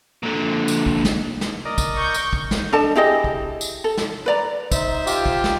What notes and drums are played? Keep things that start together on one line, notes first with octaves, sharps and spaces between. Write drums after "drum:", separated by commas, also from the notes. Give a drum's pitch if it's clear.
A#2 D3
drum: tambourine
drum: kick
drum: snare
drum: snare
A#4 D5 D#5
drum: kick, tambourine
C#6 G6
drum: tambourine
drum: kick
drum: snare
D4 A4 D#5 A5
E4 G4 G#4 D#5
drum: kick
drum: tambourine
A4
drum: snare
B4 D5 A#5
D#4 C5 E5, drum: kick, tambourine
F4 G4, drum: tambourine
drum: kick
drum: snare